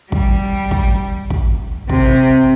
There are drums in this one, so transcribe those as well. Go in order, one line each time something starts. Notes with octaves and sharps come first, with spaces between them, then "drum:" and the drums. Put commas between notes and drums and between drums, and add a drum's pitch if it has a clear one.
G3, drum: kick
drum: kick
drum: kick
C3, drum: kick